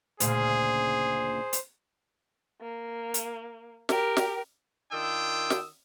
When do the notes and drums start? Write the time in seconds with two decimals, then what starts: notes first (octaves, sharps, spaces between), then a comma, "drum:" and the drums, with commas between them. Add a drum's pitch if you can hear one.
0.20 D2 A#2 C#3 G#4 C5, drum: hi-hat
1.53 drum: hi-hat
2.61 A#3
3.14 drum: hi-hat
3.89 G4 A#4, drum: snare
4.17 drum: snare
4.92 D#3 D4 F4 G5 D#6 E6
5.50 drum: snare